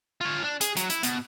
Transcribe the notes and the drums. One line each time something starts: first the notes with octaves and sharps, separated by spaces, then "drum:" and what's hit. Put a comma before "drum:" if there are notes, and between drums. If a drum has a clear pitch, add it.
F4 C#5
D4
G#4, drum: hi-hat
F#3, drum: hi-hat
E4, drum: hi-hat
B2, drum: hi-hat